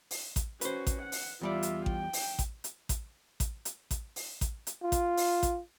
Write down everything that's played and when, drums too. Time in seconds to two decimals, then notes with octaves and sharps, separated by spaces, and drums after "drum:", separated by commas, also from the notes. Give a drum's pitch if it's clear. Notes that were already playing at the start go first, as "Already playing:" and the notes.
0.11 drum: open hi-hat
0.36 drum: kick A1, hi-hat
0.61 C#4 F#4 B4 C5, drum: hi-hat
0.87 drum: kick A1, hi-hat
1.02 F#5
1.12 drum: open hi-hat
1.41 E2 G3 F4 D5 E5
1.63 drum: hi-hat
1.86 G5, drum: kick A1
2.13 drum: open hi-hat
2.39 drum: kick A1, hi-hat
2.64 drum: hi-hat
2.89 drum: kick A1, hi-hat
3.40 drum: kick A1, hi-hat
3.65 drum: hi-hat
3.91 drum: kick A1, hi-hat
4.16 drum: open hi-hat
4.41 drum: kick A1, hi-hat
4.67 drum: hi-hat
4.83 F4
4.92 drum: kick A1, hi-hat
5.17 drum: open hi-hat
5.43 drum: kick A1, hi-hat